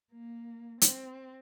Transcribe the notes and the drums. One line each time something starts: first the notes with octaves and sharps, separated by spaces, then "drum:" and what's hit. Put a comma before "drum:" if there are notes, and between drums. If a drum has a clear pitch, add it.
A#3
C4, drum: hi-hat